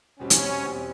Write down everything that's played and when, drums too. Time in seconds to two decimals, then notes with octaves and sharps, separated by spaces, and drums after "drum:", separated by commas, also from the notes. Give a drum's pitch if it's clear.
0.19 E2 B2 G3 C4 C#4
0.30 drum: hi-hat
0.63 E2 B2 G3 C4